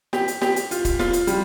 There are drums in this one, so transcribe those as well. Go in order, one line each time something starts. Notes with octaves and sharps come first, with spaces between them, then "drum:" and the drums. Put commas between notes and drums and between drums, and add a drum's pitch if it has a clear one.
G4, drum: snare
drum: hi-hat
G4, drum: snare
drum: hi-hat
F4, drum: hi-hat
drum: kick, hi-hat
F4, drum: snare
drum: hi-hat
G3, drum: hi-hat